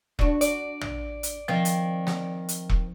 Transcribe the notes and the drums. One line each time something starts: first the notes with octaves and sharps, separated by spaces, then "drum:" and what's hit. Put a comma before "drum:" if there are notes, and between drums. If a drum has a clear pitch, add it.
D4 F#4, drum: kick E1
D5, drum: hi-hat
drum: tom
drum: hi-hat
D#3 F3 C4
drum: hi-hat
drum: snare
drum: hi-hat
drum: kick E1